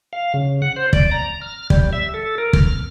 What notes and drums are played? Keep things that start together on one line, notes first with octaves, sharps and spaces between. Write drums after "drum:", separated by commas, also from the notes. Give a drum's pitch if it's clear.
F5
C#3
F#5
C5
D5, drum: kick
A#5
F6
G3, drum: kick
E5
A4
A#4
F6, drum: kick